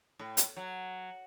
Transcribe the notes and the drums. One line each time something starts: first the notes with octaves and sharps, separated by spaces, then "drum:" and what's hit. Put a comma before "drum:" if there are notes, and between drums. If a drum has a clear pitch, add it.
A2
drum: hi-hat
F#3